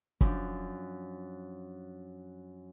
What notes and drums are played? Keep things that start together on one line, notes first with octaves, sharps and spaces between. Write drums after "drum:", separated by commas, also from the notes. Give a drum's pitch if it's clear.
F#2 F3 D4, drum: kick